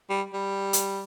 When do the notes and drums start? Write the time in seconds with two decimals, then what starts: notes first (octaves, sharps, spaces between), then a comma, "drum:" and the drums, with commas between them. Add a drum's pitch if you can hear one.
0.10 G3
0.33 G3
0.73 drum: hi-hat